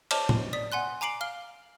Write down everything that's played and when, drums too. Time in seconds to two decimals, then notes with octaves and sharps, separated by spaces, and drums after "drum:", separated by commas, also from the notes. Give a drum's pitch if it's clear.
0.11 C5 C#5 D#5 A5 D6 F6, drum: cymbal
0.29 drum: tom A2
0.53 D5 D#6 B6
0.72 F#5 G#5 C6 F#6
1.01 G#5 A#5 D6 C7 D7 F#7
1.21 F5 F6 G7